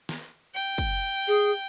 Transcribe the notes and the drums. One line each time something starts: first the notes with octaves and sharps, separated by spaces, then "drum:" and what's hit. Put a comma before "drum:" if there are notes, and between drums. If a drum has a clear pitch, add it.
drum: snare
G5
drum: kick, tambourine
G#4